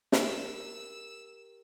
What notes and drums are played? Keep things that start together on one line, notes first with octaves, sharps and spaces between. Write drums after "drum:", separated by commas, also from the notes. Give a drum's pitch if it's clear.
G4 A#4 E6, drum: snare